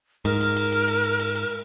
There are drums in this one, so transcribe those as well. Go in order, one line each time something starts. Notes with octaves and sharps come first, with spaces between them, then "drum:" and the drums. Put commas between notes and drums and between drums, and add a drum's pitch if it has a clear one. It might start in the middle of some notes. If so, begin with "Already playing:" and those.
G#2 A#4, drum: cymbal
drum: cymbal
drum: cymbal
drum: cymbal
drum: cymbal
drum: cymbal
drum: cymbal
drum: cymbal